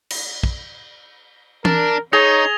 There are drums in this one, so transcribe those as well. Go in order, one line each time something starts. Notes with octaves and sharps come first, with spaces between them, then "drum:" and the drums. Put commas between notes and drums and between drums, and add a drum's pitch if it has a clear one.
drum: cymbal
drum: kick
D4 A#4, drum: tom E3
D#4 G#4 C#5 A#6 F7 G7